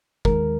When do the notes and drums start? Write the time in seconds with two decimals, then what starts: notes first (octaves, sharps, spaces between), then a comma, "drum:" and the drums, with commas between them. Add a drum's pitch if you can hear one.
0.25 D#2 D#3 G#3 A#4, drum: kick